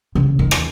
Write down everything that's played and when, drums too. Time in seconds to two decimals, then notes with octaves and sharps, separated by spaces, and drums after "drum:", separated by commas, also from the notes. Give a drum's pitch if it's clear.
0.15 C#3
0.39 D#3
0.51 drum: rim click